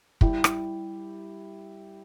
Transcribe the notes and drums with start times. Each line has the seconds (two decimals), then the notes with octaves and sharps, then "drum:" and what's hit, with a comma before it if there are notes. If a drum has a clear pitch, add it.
0.21 G3 E4 G4, drum: kick
0.44 drum: rim click